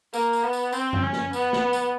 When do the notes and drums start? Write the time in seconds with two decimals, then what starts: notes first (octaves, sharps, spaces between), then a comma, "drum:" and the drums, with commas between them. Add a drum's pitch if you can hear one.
0.14 A#3, drum: tambourine
0.33 drum: tambourine
0.44 B3
0.53 drum: tambourine
0.72 C4, drum: tambourine
0.93 drum: tom F#2
1.02 C#4
1.13 drum: snare
1.33 B3, drum: tambourine
1.53 drum: snare
1.73 drum: tambourine